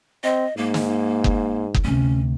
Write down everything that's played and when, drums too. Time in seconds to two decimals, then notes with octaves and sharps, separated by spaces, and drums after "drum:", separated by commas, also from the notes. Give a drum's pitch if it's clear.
0.24 C4 D#5
0.57 G#2 A#3
0.74 drum: snare
1.24 drum: kick F#1
1.74 drum: kick F#1
1.84 D2 C3 C#4